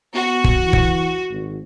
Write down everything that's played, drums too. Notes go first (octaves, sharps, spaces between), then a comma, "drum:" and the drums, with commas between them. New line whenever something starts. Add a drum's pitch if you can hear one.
B3 F#4
drum: kick
E3
drum: kick
G#1